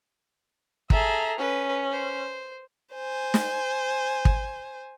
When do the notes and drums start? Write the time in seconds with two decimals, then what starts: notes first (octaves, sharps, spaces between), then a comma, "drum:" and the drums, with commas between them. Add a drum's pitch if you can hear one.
0.90 G#4 A4 E5 A#5, drum: kick
1.38 C#4 B4
1.92 C5
2.94 C5 G#5
3.34 drum: snare
4.25 drum: kick